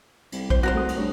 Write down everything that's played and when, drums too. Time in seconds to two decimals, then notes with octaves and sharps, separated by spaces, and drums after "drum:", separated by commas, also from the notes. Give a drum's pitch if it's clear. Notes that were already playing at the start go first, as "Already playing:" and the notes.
0.32 C2, drum: cymbal
0.50 C5, drum: kick
0.63 C2 F#4 A#4 C5
0.75 A3 D#6
0.89 drum: cymbal
0.98 G2 C#5